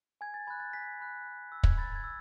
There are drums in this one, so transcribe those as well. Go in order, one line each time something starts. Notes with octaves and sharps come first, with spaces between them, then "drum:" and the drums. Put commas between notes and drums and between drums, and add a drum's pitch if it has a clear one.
G#5 G#6
A6
B5 F#6 G#6
A6
G#5 B6
B5 F#6
B5
E6
G#6, drum: kick
B5 A6
G#6
E6